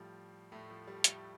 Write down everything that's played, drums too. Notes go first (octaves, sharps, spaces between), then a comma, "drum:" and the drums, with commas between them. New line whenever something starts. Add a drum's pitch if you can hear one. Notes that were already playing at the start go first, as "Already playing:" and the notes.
Already playing: A2 F3 G3
A2 A3
F3
G3
A2 A3, drum: hi-hat